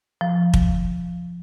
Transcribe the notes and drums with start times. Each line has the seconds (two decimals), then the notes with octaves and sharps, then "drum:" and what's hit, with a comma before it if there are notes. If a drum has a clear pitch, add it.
0.21 F3
0.54 drum: kick